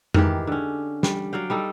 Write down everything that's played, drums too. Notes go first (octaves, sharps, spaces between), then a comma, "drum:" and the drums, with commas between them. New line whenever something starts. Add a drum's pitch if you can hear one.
G#2 D#3 E3 G4, drum: tom F2
D3 C#4
G3, drum: snare
F#3 D5 F5 G5
G3 D#4 A4